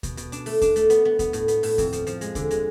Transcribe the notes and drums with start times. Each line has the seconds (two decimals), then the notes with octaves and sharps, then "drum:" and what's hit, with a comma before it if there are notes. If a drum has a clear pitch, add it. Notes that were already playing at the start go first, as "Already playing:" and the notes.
0.03 B2, drum: kick D#2, hi-hat
0.17 B2, drum: hi-hat
0.32 D4, drum: hi-hat
0.46 A3, drum: open hi-hat
0.62 D4, drum: kick D#2, hi-hat
0.76 A3, drum: hi-hat
0.90 B3, drum: hi-hat
1.05 B3
1.19 B3, drum: kick D#2, hi-hat
1.33 A2, drum: hi-hat
1.48 B3, drum: hi-hat
1.63 A2, drum: open hi-hat
1.78 F2, drum: kick D#2, hi-hat
1.93 F3, drum: hi-hat
2.07 F3, drum: hi-hat
2.21 G#3, drum: hi-hat
2.35 D3, drum: kick D#2, hi-hat
2.51 G#3, drum: hi-hat